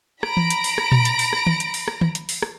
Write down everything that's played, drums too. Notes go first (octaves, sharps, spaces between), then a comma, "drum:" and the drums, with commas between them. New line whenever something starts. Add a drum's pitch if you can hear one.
A#5 B5 A#6 D7, drum: rim click
drum: tom E3
drum: hi-hat
drum: open hi-hat
drum: rim click
drum: tom A#2
drum: hi-hat
drum: open hi-hat
drum: rim click
drum: tom
drum: hi-hat
drum: open hi-hat
drum: rim click
drum: tom
drum: hi-hat
drum: open hi-hat
drum: rim click